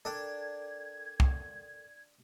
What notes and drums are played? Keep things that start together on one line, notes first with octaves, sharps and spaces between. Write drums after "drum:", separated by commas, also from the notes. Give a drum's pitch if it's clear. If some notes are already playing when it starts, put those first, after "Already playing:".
D4 A4 A#4 G5 G#6
drum: kick